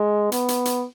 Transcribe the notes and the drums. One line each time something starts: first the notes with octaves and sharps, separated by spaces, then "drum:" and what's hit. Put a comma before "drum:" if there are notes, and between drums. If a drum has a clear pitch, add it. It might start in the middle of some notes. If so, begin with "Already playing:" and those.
Already playing: G#3
B3, drum: hi-hat
drum: hi-hat
drum: hi-hat